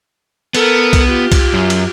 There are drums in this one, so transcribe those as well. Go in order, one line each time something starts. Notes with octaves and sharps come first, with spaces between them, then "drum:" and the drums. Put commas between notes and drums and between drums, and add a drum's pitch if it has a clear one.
B3 A4 A#4, drum: cymbal
drum: kick C2, cymbal
F4 G4
drum: kick C2, cymbal
F#2
drum: cymbal